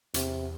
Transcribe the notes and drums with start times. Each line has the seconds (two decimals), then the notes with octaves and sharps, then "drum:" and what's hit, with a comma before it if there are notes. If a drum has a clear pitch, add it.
0.14 E2 C3, drum: hi-hat